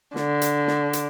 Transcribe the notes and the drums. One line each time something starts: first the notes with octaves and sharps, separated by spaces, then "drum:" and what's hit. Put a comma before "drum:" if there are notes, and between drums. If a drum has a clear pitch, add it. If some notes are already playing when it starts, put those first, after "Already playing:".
D3, drum: snare
drum: hi-hat
drum: snare
drum: hi-hat